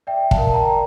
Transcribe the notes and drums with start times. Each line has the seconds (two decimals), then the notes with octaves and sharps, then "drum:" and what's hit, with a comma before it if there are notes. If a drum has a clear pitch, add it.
0.07 D5 E5 G5
0.31 F5 A5, drum: kick
0.38 A#4
0.48 A5
0.54 G5 A#5
0.70 D5